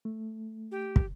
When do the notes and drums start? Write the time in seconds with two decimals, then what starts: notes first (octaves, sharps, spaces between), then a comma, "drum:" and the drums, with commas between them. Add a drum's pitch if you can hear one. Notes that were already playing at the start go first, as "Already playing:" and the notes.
0.05 A3
0.71 G4
0.96 drum: kick